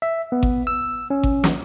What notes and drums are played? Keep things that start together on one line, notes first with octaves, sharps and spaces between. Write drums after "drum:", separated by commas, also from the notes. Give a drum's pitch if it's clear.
E5
B3
drum: kick G#1
E6
C#4
drum: kick G#1
drum: snare